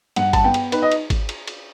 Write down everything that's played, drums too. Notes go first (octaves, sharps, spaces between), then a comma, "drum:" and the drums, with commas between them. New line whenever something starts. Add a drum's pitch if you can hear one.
G2 F#5, drum: cymbal
A5, drum: kick G#1, cymbal
B3 G5
drum: cymbal
D#4 B4, drum: cymbal
D#5
drum: cymbal
drum: kick G#1, cymbal
drum: cymbal
drum: cymbal